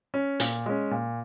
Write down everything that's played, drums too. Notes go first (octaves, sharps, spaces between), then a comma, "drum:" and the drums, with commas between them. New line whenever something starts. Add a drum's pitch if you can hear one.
C#4
A#2, drum: hi-hat
G#3 C#4
A#2